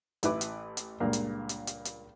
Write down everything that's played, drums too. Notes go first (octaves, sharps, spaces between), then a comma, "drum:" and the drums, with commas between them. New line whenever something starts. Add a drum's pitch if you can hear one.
A1 E4 B4 D6, drum: hi-hat
drum: hi-hat
drum: hi-hat
C#2 G2 A#2 A#3
drum: hi-hat
drum: hi-hat
drum: hi-hat
drum: hi-hat